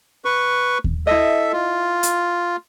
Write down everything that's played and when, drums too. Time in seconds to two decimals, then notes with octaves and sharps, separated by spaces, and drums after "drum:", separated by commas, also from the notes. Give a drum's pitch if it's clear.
0.25 B4 C#6
0.84 drum: kick D#2
1.07 E4 A4 D#5 E5
1.52 F4
2.03 drum: hi-hat